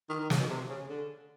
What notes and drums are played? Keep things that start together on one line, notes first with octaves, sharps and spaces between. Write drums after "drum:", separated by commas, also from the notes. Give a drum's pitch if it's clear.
D#3
D#3
C#3, drum: snare
B2
C3
C#3
D3